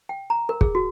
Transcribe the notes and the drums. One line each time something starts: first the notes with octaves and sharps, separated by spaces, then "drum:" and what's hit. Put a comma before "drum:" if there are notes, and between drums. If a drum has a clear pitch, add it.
G5
A#5
A#4
G#4, drum: kick
F#4